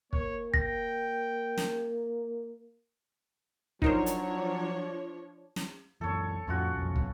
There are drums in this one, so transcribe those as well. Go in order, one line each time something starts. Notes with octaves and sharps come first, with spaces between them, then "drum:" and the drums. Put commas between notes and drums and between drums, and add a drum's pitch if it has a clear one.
A#3 C#5, drum: kick
G5 A#6, drum: kick
drum: snare
F3 F#3 D4 D#4 A#4 C5 C#5, drum: kick
drum: hi-hat
drum: snare
F#2 E3 A4 C#5
F2 A2 C#4 F4 F#4
B1 F2
B1 F#3, drum: kick